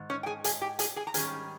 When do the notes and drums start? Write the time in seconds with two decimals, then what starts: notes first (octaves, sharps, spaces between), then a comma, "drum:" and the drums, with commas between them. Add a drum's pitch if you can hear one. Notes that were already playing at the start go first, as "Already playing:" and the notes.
Already playing: G#2 D#3
0.10 C#4 C#5
0.23 G5
0.26 G#4 G#5
0.44 G#4 G#5, drum: hi-hat
0.61 G4 G5
0.79 G#4 G#5, drum: hi-hat
0.96 G#4 G#5
1.07 A#5
1.14 G#2 D#3 G3 C#4 G#4 G#5, drum: hi-hat